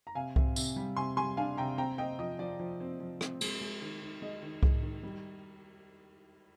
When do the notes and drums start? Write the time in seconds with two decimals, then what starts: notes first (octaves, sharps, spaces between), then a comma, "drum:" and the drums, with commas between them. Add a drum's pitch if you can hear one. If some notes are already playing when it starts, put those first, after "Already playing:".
0.07 A#5
0.15 C3 F5 G#5
0.36 C3, drum: kick C2
0.56 C3, drum: tambourine
0.76 G3
0.97 C3 G#5 C6
1.17 G3 G#5 C6
1.37 D4 F5 G#5
1.57 C3 G5 A#5
1.78 C4 G5 A#5
1.98 C4 D#5 G5
2.19 F3 D#5
2.39 F3 D5
2.60 F3
2.80 C4
3.00 F3
3.21 C4, drum: rim click
3.41 G#3, drum: cymbal
3.61 G#3
3.82 D#3
4.02 D#3
4.22 G#3 D#5
4.43 D#3
4.63 G#3, drum: kick C2
4.83 D#3
5.03 G3